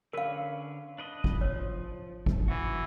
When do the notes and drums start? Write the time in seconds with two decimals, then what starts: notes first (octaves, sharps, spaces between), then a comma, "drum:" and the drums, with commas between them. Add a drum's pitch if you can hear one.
0.13 D3 C#4 A#4 B4 F5
0.98 D4 B4 D#5
1.24 drum: kick
1.41 F3 C#5
2.26 drum: kick
2.48 E3 F#4